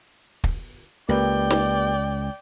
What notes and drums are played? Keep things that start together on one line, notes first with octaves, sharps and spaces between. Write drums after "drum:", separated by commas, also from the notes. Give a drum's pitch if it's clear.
drum: kick
C#2 A#3 G4 B4 D5 G5
drum: snare